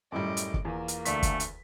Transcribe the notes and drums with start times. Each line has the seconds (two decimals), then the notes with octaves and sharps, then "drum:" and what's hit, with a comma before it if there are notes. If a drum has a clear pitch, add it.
0.12 F#2 A2 G3 D#5 D6
0.37 drum: hi-hat
0.54 drum: kick
0.65 E2 A#3 F4
0.88 drum: hi-hat
1.05 D2 A3 D5 B6, drum: hi-hat
1.23 drum: kick, hi-hat
1.40 drum: hi-hat